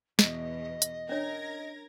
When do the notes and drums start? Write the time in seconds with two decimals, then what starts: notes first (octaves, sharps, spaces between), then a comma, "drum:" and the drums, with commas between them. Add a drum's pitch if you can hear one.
0.19 E2 B2 D#5, drum: snare
0.82 drum: hi-hat
1.09 C#4 D4 A#4 C#5 G#6 A#6